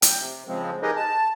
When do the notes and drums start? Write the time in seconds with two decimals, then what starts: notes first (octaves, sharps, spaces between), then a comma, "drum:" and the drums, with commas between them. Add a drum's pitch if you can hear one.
0.02 G5, drum: hi-hat
0.19 C3
0.48 C#3 F3 G#3 C4
0.82 D#4 G4 G#4 A#4 B4 D#5
0.96 A5